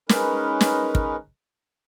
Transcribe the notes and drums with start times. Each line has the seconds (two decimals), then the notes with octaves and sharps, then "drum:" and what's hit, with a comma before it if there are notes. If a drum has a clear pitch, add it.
0.09 G#3 C#4 D#4 A#4 B4, drum: snare
0.61 drum: snare
0.95 drum: kick